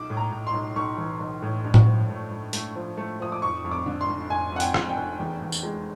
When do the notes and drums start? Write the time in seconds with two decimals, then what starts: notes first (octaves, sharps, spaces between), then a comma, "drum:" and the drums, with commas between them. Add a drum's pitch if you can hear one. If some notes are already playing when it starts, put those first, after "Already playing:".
Already playing: B1 D6
0.10 A2
0.17 A#5
0.32 A2
0.47 C6
0.53 B1
0.76 B1 C#6
0.98 E3
1.20 B1
1.42 A2
1.64 G2
1.74 drum: tom A2
1.87 F3
2.09 A3
2.31 A3
2.53 A3, drum: hi-hat
2.75 F3
2.97 A3
3.20 F3 D#6
3.32 D6
3.42 F1 C#6
3.65 F2
3.71 D6
3.86 D3
4.01 C6
4.08 F1
4.30 F1 G#5
4.52 F2 F#5
4.60 G5, drum: hi-hat
4.74 F2, drum: rim click
4.90 G5
4.97 F1
5.19 E2
5.42 E2
5.52 drum: tambourine
5.63 G#3